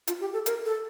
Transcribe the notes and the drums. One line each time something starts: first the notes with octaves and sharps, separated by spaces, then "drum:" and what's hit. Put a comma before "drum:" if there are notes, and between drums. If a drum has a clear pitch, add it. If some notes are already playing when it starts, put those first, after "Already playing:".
F4, drum: hi-hat
G4
A4
A#4, drum: hi-hat
A4